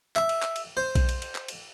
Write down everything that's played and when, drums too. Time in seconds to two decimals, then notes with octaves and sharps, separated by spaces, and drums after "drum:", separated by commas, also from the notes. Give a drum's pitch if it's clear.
0.16 E5, drum: clap
0.29 drum: cymbal
0.42 drum: clap
0.56 drum: cymbal
0.77 C5
0.95 drum: kick B1, cymbal
1.09 drum: cymbal
1.22 drum: cymbal
1.35 drum: clap
1.48 drum: cymbal